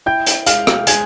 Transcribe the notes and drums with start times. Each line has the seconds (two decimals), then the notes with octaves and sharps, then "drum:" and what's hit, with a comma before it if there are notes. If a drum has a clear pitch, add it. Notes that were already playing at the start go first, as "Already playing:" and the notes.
0.06 E4 G5 G6
0.26 drum: hi-hat
0.46 G#3 F5 F6, drum: hi-hat
0.67 drum: rim click
0.87 G#3 G#5 G#6, drum: hi-hat